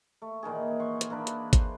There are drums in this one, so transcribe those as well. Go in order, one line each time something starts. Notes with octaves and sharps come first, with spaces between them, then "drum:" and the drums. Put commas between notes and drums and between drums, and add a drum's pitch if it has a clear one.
A3
A#2 D#3 E3 G#4
F#5 C6 C#6
drum: hi-hat
E3 A#3 D4 B5
drum: hi-hat
C5, drum: kick, hi-hat